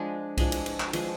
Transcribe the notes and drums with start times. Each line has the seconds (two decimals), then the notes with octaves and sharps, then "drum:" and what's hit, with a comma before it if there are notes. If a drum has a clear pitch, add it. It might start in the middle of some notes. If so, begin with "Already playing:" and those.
Already playing: F3 G#3 D4 G#4
0.37 F3 G#3 D4 G#4, drum: kick B1, cymbal
0.52 drum: cymbal
0.66 drum: cymbal
0.80 drum: clap
0.93 F3 G#3 D4 G#4, drum: cymbal